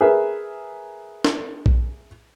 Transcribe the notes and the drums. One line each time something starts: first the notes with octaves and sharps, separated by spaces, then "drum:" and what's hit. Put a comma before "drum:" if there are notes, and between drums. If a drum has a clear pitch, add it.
G#4 A#4 B4 E5
drum: snare
drum: kick A#1